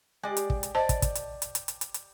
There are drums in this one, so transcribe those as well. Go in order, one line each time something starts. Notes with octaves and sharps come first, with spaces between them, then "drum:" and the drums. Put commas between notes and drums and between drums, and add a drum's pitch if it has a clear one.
G#3 G4 D5
drum: hi-hat
drum: kick
drum: hi-hat
C5 D5 D#5 A5
drum: kick, hi-hat
drum: kick, hi-hat
drum: hi-hat
drum: hi-hat
drum: hi-hat
drum: hi-hat
drum: hi-hat
drum: hi-hat